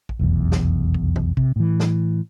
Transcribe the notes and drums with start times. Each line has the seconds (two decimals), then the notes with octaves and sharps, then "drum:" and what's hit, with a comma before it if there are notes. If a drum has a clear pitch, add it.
0.09 drum: kick A1
0.19 F1 B1 E2
0.52 drum: snare
0.94 drum: kick A1
1.16 drum: tom E3
1.37 C3, drum: kick A1
1.56 A2 E3
1.80 drum: snare